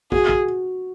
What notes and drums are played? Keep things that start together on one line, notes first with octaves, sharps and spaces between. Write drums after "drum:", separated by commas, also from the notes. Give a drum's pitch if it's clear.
F#4 G#4, drum: kick
drum: kick